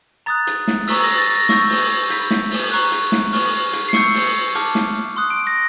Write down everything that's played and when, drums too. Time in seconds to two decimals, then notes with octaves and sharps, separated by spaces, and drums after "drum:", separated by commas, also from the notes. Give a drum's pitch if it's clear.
0.26 A#5 D#6 F#6 A6
0.47 drum: hi-hat
0.68 drum: snare
0.88 A#5 C#6 E6 B6, drum: open hi-hat
1.04 A#6
1.18 A6
1.34 A#6
1.49 C#6 E6 G6, drum: snare
1.69 drum: open hi-hat
2.10 B5 E6 G6 B6, drum: hi-hat
2.31 drum: snare
2.51 drum: open hi-hat
2.71 A#5 C#6 F#6
2.92 drum: hi-hat
3.12 drum: snare
3.33 C#6 F6, drum: open hi-hat
3.73 drum: hi-hat
3.89 C7
3.93 C#6 E6 G6 C#7, drum: snare
4.14 drum: open hi-hat
4.55 A5 D6 F6, drum: hi-hat
4.75 drum: snare
5.16 C6 D#6 F#6
5.30 D7
5.47 A#6